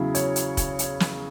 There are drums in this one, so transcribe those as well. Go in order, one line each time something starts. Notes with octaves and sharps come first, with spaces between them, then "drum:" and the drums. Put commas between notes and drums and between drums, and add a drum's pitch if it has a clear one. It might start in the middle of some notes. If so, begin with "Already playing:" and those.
Already playing: E2 C#3 F#3 E4
C#5, drum: hi-hat
drum: hi-hat
drum: kick, hi-hat
drum: hi-hat
drum: snare